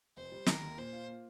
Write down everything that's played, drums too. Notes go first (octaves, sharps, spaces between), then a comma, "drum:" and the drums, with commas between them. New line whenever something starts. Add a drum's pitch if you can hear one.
F1 C5
G3
D#3 A#4, drum: snare
D#2
A#2 C5
F4
A#3